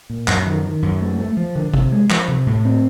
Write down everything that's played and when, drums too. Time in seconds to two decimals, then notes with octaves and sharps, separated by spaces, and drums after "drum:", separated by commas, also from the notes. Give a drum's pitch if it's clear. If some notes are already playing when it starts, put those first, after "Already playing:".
0.10 A#2
0.28 F#2, drum: clap
0.46 D#3
0.64 D#3
0.82 F#2
1.01 A3
1.19 A3
1.37 F3
1.56 D3
1.74 C3, drum: kick
1.92 G#3
2.10 F3, drum: clap
2.28 C3
2.47 A2
2.65 C4